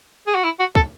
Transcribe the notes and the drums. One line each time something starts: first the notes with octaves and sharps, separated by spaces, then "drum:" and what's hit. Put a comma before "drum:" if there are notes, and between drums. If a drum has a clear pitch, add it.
G#4
F#4
E4
F#4
A4, drum: kick